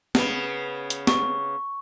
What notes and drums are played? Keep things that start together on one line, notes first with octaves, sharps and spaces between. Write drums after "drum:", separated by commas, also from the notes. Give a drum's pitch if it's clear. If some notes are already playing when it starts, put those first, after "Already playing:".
C#3 B3, drum: snare
drum: hi-hat
C#6, drum: snare